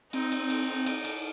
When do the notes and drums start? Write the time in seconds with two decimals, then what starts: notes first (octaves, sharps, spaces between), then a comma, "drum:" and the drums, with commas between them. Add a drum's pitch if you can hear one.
0.13 C4 D#4, drum: cymbal
0.32 drum: cymbal
0.50 drum: cymbal
0.86 drum: cymbal
1.05 drum: cymbal